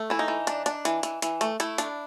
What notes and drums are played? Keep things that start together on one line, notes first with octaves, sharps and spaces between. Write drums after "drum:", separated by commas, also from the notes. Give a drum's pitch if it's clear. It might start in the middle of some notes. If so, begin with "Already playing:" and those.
Already playing: A3
E3 E4
D#4
E3
D4, drum: hi-hat
D4, drum: hi-hat
E3, drum: hi-hat
E3, drum: hi-hat
E3, drum: hi-hat
A3, drum: hi-hat
A3 E4, drum: hi-hat
D4, drum: hi-hat